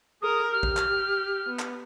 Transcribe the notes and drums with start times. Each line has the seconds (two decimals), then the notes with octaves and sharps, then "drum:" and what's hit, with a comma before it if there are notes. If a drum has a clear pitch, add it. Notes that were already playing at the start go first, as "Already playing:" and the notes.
0.22 G#4 A#4 D#6
0.53 G4 F6
0.63 drum: kick
0.77 drum: clap
1.49 B3
1.59 drum: clap